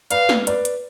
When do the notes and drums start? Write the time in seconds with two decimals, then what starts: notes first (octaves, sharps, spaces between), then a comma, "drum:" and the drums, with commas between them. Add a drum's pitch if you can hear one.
0.11 B4 D5 F5, drum: hi-hat
0.29 drum: snare
0.47 B4 D5, drum: hi-hat
0.65 drum: hi-hat